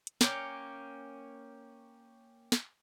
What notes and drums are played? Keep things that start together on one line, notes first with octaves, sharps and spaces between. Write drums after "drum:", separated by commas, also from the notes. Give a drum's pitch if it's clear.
drum: hi-hat
A#3 C#4 G5 D6 G6, drum: snare
drum: snare